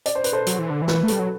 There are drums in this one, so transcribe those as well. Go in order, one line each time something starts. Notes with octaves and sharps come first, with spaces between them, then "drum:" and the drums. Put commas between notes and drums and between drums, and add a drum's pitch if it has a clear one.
D5, drum: hi-hat
C5
B4, drum: hi-hat
A4 C5
F#3, drum: hi-hat
E3
D3
E3
B4, drum: snare
A3
G3 A4, drum: hi-hat
F#3